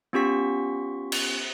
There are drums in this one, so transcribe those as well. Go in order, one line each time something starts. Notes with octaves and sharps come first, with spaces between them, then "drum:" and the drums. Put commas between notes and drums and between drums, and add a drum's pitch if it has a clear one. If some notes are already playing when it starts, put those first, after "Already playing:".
B3 C#4 F4 G4 C#6 B6
drum: cymbal